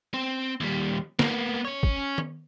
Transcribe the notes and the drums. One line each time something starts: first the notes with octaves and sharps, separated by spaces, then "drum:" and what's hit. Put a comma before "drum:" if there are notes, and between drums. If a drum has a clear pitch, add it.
C4
D#2 G3
A#3 B3, drum: snare
C#4 C#5
drum: kick
drum: tom D#3